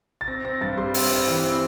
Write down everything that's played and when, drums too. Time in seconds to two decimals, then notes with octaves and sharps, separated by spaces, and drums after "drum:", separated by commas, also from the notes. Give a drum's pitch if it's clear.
0.21 A6
0.28 C4 A#6
0.45 C4 A#6
0.61 G2 A6
0.77 G3 C6
0.94 C4, drum: open hi-hat
1.11 C4
1.28 E3
1.44 C4